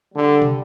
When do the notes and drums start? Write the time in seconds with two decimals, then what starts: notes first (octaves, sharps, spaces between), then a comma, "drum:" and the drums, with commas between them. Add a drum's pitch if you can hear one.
0.14 D3 G3
0.42 drum: tom